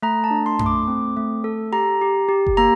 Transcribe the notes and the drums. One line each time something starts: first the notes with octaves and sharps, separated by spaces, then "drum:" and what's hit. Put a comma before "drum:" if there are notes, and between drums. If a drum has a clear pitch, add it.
A3 A#5
A5
D4
C6
A3, drum: tom F#2
D6
C4
A3
A4
G4 A#5
G4
G4
drum: kick F#1
A#3 A#5